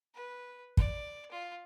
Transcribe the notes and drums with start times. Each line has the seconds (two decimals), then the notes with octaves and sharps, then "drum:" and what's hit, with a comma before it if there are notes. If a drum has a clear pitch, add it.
0.14 B4
0.77 D5, drum: kick
1.31 F4